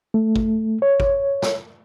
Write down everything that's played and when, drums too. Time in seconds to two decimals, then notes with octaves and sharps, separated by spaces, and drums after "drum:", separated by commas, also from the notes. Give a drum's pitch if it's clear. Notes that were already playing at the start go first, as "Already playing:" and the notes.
0.14 A3
0.36 drum: kick
0.82 C#5
1.00 drum: kick
1.42 drum: snare